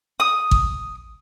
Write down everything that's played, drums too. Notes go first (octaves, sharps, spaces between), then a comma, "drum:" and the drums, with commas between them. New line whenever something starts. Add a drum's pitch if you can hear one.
D#6
drum: kick